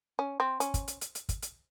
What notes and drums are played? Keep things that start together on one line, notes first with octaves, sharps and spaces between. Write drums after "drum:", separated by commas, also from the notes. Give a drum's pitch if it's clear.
C#4
C4
C#4, drum: hi-hat
drum: kick, hi-hat
drum: hi-hat
drum: hi-hat
drum: hi-hat
drum: kick, hi-hat
drum: hi-hat